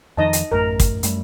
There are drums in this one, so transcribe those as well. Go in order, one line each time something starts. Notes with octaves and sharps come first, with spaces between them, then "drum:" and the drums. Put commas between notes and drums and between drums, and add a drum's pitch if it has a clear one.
F2 D#3 F3 D#4 D#5 A5
drum: hi-hat
A1 F#2 A3 A#4
drum: kick, hi-hat
F#2 G3 A3, drum: hi-hat